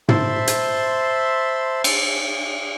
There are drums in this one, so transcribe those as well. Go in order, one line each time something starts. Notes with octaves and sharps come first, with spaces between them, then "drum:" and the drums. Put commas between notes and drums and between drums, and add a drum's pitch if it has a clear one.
C5 E5 A5 B5 C6, drum: tom
drum: hi-hat
drum: cymbal